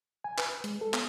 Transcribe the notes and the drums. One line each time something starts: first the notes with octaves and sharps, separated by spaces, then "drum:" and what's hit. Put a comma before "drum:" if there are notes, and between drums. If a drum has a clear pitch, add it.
G#5
B4, drum: clap
G#3, drum: hi-hat
A4
B3, drum: clap